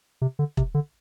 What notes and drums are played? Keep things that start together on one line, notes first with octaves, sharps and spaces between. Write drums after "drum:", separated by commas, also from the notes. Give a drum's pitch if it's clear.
C3
D3
C3, drum: kick E1
D3